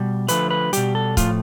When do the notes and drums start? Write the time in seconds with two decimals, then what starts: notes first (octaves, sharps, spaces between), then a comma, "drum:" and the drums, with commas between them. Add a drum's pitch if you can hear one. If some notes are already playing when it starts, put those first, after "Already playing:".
Already playing: B2 G3
0.28 D3 F3 A3 B4, drum: hi-hat
0.50 B4
0.73 B2 G3 G4, drum: hi-hat
0.95 A4
1.17 A2 F3 A3 F4, drum: kick C#1, hi-hat